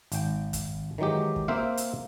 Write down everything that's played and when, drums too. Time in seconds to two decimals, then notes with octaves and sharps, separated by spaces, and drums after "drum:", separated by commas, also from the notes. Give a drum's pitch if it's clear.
0.12 G#1 G5, drum: hi-hat
0.53 drum: kick, hi-hat
0.98 D#3 E3 F#3 G#3 G4
1.36 drum: kick
1.48 A#3 C4 C5 E5 F5
1.77 drum: hi-hat